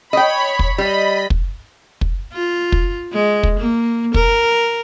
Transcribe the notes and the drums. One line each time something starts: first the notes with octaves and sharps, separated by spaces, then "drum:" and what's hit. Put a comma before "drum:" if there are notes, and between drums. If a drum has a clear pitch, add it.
C#5 D#5 G5 B5
drum: kick
G3 D#5 B5
drum: kick
drum: kick
F4
drum: kick
G#3
drum: kick
A#3
A#4, drum: kick